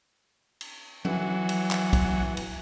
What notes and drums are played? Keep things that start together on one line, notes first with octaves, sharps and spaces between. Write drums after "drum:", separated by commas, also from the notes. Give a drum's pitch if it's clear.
drum: cymbal
E3 F#3, drum: tom F3
drum: cymbal
drum: clap
drum: kick, cymbal
drum: cymbal